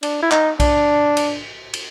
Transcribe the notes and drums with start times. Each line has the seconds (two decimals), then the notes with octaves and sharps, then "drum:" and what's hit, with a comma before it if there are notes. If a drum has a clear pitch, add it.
0.03 D4, drum: cymbal
0.22 E4
0.31 D#4, drum: clap
0.60 D4, drum: kick B1, cymbal
1.17 drum: cymbal
1.74 drum: cymbal